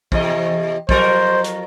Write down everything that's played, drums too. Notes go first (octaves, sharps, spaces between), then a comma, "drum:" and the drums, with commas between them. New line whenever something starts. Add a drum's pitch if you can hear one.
E2 C3 D#5, drum: kick
F2 F#3 A#4 C5, drum: kick
drum: hi-hat